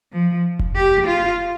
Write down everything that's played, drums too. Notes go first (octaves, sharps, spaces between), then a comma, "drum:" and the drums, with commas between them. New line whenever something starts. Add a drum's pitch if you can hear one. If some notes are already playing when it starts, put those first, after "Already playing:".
F3
drum: kick F1
G4
F4